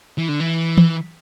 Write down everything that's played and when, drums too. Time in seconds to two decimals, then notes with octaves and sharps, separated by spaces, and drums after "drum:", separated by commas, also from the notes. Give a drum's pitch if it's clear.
0.18 E3
0.28 D3
0.40 E3
0.78 drum: tom E3